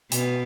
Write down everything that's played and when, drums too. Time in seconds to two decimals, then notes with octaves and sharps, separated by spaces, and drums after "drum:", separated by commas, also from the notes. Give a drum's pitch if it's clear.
0.12 B2 B3, drum: hi-hat